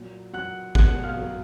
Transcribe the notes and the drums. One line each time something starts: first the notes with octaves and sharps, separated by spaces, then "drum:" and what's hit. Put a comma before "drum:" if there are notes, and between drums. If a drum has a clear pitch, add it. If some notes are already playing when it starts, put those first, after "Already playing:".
Already playing: A#2 F#3
F#3 F#5 F#6
B2 F#5 F#6, drum: kick
F5 F6
F#3